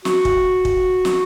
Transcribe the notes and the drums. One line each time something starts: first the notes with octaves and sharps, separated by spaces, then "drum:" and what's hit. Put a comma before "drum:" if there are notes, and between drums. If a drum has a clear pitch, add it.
F#4, drum: snare
drum: kick
drum: kick
drum: snare